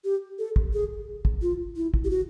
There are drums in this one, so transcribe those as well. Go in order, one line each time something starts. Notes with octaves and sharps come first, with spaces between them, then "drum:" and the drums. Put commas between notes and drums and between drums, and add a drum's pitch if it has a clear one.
G4
A4
drum: kick
G#4
drum: kick
F4
E4
drum: kick
G4
F#4